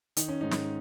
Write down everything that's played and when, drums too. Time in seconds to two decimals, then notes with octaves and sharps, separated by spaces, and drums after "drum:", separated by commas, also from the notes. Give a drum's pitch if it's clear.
0.17 D#3 D#4, drum: hi-hat
0.28 C#4
0.41 G#2 D#4
0.51 drum: snare